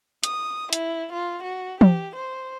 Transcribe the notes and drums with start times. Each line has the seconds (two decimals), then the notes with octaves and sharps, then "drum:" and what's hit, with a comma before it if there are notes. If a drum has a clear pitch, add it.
0.23 D#6, drum: hi-hat
0.73 E4, drum: hi-hat
1.13 F4
1.43 F#4
1.81 G4, drum: tom
2.16 C5